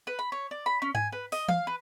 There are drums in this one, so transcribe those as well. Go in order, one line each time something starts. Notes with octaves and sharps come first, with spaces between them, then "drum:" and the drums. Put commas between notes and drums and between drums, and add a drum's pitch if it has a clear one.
B4
B5
C#5
D5
B5
C#4
G#5, drum: tom G#2
B4
D#5, drum: open hi-hat
F5, drum: tom E3
B4